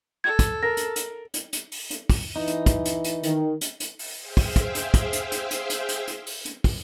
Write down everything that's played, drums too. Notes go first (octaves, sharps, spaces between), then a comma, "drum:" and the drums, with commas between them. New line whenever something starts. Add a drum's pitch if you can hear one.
A4 G#6
drum: kick, hi-hat
A#4 A#6
drum: hi-hat
drum: hi-hat
drum: hi-hat
drum: hi-hat
drum: open hi-hat
drum: hi-hat
drum: kick, open hi-hat
E3 D#4
drum: hi-hat
drum: kick, hi-hat
drum: hi-hat
drum: hi-hat
D#3, drum: hi-hat
drum: hi-hat
drum: hi-hat
drum: open hi-hat
G#4 C5 E5 F5 G5
drum: kick, open hi-hat
drum: kick, hi-hat
drum: hi-hat
drum: kick, hi-hat
drum: hi-hat
drum: hi-hat
drum: hi-hat
drum: hi-hat
drum: hi-hat
drum: hi-hat
drum: open hi-hat
drum: hi-hat
drum: kick, open hi-hat